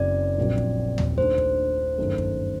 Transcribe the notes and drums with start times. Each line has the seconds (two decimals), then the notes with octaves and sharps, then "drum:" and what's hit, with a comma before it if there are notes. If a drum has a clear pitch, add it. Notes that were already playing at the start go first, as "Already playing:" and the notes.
Already playing: F#1 F#2 F#3 C4 D5
0.38 A#1 A#2 F#3 C4
0.58 drum: kick
0.98 drum: tom D#2
1.18 D#2 D#3 A3 D4 C5
1.38 drum: kick
1.98 G1 F#2 D#3 A3
2.18 drum: kick